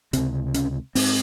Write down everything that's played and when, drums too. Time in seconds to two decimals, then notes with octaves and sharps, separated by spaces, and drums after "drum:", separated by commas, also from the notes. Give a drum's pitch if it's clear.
0.13 C#2 C3 C4, drum: hi-hat
0.54 C#4, drum: hi-hat
0.95 G#2 C4, drum: open hi-hat